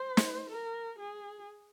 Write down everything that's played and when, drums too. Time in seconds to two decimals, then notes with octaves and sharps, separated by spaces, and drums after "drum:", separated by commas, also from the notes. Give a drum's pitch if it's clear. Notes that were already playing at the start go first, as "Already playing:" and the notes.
Already playing: C5
0.17 drum: snare
0.50 A#4
0.99 G#4